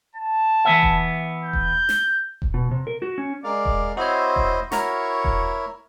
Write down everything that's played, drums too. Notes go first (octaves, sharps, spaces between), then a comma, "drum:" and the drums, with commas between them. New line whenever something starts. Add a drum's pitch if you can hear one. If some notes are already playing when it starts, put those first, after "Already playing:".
A5
E3 B3 E5
drum: kick E1
G6
drum: kick E1
drum: snare
drum: kick E1
B2
C3
A#4
F#4
C#4
G#3 A#4 D5 F5
drum: kick E1
C4 E4 F#4 C5 C#5 D#5
drum: kick E1
E4 F#4 A#4 C#5 A#5 C#6 F6, drum: snare
drum: kick E1